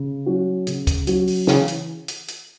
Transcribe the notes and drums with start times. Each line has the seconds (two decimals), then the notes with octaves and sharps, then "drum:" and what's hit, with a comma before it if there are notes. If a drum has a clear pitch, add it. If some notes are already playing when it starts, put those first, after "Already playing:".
Already playing: C#3
0.26 F#3 C#4 F#4
0.67 C#3, drum: hi-hat
0.87 drum: kick, hi-hat
1.07 F#3 C#4 F#4, drum: hi-hat
1.27 drum: open hi-hat
1.47 C#3 E3, drum: snare
1.68 drum: hi-hat
2.08 drum: hi-hat
2.28 drum: hi-hat